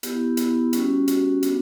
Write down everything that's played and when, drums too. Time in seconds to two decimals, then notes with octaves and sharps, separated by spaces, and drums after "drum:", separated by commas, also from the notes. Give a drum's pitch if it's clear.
0.03 B3 E4 G4, drum: hi-hat
0.37 B3 E4, drum: hi-hat
0.73 G3 C#4 F#4, drum: hi-hat
1.08 G3 C#4 F#4, drum: hi-hat
1.43 B3 D4 F#4, drum: hi-hat